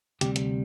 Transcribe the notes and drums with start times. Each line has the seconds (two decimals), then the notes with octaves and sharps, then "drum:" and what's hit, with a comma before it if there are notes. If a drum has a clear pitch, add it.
0.21 D2 C3 G3 G4, drum: hi-hat
0.36 drum: hi-hat